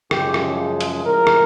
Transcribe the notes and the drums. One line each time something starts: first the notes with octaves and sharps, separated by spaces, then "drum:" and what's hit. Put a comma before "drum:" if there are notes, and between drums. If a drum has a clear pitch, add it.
F#2 C#3 F3 G#3 G4, drum: rim click
drum: rim click
drum: hi-hat
A2 F3 G#3 A#4
drum: rim click